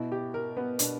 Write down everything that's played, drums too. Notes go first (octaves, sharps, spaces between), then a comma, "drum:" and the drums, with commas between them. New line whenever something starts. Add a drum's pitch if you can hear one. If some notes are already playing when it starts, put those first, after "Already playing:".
Already playing: B2 E4
G4
A#4
B3
B2 D4, drum: hi-hat